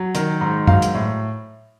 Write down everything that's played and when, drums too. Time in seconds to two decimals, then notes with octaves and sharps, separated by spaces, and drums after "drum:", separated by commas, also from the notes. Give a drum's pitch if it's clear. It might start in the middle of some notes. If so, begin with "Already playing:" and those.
Already playing: F#3
0.15 D#3, drum: hi-hat
0.41 G#2
0.67 F#3 F5, drum: tom
0.82 drum: hi-hat
0.94 A2